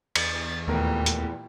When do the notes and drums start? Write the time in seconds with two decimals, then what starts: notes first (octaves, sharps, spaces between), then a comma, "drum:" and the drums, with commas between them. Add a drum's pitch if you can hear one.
0.16 E2 A6, drum: cymbal
0.68 D#2 A#2 E3 G3 A3 B3 A#4
1.06 drum: hi-hat